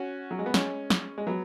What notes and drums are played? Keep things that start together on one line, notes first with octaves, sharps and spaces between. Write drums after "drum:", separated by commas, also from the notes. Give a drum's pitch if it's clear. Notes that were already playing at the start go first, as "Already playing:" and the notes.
Already playing: C#4 F#4
F#3
G#3
B3
G#3 C#4, drum: snare
drum: snare
G#3
F#3 B3